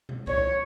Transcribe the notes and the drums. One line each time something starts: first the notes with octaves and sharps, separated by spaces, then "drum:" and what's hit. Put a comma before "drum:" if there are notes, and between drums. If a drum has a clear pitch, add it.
drum: tom A#2
C#5, drum: kick C2